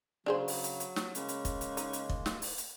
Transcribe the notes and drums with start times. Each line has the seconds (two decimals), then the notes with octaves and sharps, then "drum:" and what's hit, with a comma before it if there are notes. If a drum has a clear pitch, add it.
0.26 C#3 F#3 D4 G#4 C5
0.48 drum: open hi-hat
0.64 drum: hi-hat
0.80 drum: hi-hat
0.96 drum: snare
1.15 C#3 G#3 A#3, drum: hi-hat
1.29 drum: hi-hat
1.45 drum: kick, hi-hat
1.61 drum: hi-hat
1.77 D#4, drum: hi-hat
1.93 drum: hi-hat
2.09 drum: kick
2.26 drum: snare
2.42 drum: open hi-hat
2.58 drum: hi-hat